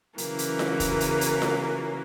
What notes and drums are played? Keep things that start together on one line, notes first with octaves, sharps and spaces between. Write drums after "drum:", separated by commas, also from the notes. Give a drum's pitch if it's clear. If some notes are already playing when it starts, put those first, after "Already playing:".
C#3 E3 F#3 A#3, drum: hi-hat
drum: hi-hat
drum: snare F4
drum: kick F1, hi-hat
drum: hi-hat
drum: hi-hat
drum: snare F4